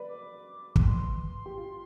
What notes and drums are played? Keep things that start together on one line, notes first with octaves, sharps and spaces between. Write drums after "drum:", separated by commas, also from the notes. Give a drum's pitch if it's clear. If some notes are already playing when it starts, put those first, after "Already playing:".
Already playing: B4 D5
D6
D6, drum: kick
C6
G4
F4